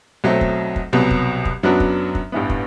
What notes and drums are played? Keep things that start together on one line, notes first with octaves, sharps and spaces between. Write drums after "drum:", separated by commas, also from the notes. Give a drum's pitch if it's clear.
B1 B2 F#3 A3 C4
drum: kick
drum: kick
C2 B2 F#3 B3
drum: kick
drum: kick
F#2 F#3 B3 D4 F#4
drum: kick
drum: kick
A1 G2 E3 B3
drum: kick